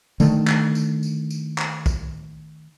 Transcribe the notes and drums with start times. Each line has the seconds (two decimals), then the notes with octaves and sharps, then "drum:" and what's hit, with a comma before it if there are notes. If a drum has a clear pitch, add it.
0.20 D3 D#3 A3, drum: tambourine
0.48 drum: clap
0.75 drum: tambourine
1.03 drum: tambourine
1.30 drum: tambourine
1.58 drum: clap
1.86 drum: kick, tambourine